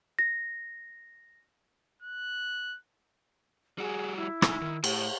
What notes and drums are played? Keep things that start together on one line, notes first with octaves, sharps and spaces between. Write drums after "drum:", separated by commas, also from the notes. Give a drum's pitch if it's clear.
A#6
F#6
G3 F#4 G#4
E4
D#4 G#5, drum: rim click
D#3
A2, drum: cymbal